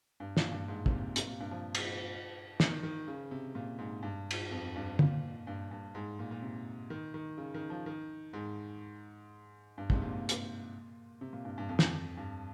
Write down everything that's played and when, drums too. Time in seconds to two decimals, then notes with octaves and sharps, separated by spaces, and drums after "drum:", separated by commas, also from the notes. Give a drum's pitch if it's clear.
0.20 G2
0.37 A#2, drum: snare
0.52 G2
0.68 G#2
0.86 C3, drum: kick
0.92 A#2
1.16 C3, drum: hi-hat
1.27 A#2
1.40 G2
1.51 F3
1.75 drum: cymbal
2.60 D#3, drum: snare
2.83 D#3
3.08 C#3
3.31 C3
3.55 A#2
3.79 G#2
4.02 G2
4.31 drum: cymbal
4.51 F2
4.75 G2
4.99 A#2, drum: tom
5.47 G2
5.71 G2
5.95 G#2
6.19 A#2
6.31 A#2
6.43 C3
6.90 D#3
7.14 D#3
7.38 C#3
7.54 D#3
7.70 F3
7.86 D#3
8.33 G#2
9.78 G2
9.90 G#2, drum: kick
9.96 C3
10.02 A#2
10.14 A#2
10.29 drum: hi-hat
11.21 C3
11.33 A#2
11.45 G2
11.58 G2
11.69 F2
11.79 drum: snare
12.17 G2